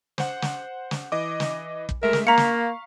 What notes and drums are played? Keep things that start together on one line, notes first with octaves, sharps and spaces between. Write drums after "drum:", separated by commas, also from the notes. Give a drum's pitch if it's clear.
C5 F#5, drum: snare
drum: snare
drum: snare
E3 D#5 D6
drum: snare
drum: kick
G#3 A3 A#4 E5
drum: snare
A#3 F5 A#5 C#6 B6 C#7
drum: snare